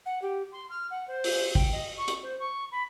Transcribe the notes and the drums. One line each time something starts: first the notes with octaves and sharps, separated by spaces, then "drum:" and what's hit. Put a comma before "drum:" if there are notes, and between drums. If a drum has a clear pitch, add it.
F#5
G4
C6
F6
F#5
C5
drum: open hi-hat
G5, drum: kick
D#5
C#6
drum: hi-hat
C5
C#6
B5